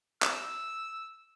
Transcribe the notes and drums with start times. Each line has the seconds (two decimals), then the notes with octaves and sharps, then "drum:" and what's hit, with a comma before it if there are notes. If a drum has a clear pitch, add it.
0.23 E6, drum: clap